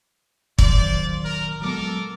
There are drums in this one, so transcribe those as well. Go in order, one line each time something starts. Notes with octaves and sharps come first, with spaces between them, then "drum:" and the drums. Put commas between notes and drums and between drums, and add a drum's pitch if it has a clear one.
A#2 D#3 F#3 F4 C5 D5, drum: kick
A#4
F#3 G#3 B3 A4 A#4 D6